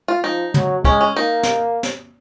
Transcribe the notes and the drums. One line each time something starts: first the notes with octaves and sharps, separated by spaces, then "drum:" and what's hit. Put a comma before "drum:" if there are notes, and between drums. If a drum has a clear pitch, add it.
F4
F3 D#4
F#3, drum: tom
G#3 C#4, drum: kick
C#4
A#3 D#4
drum: snare
drum: snare